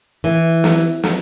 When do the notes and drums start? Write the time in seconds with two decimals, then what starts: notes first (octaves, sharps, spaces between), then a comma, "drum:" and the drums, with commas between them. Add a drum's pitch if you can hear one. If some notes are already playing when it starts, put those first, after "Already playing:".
0.24 E3
0.64 drum: snare
1.03 drum: snare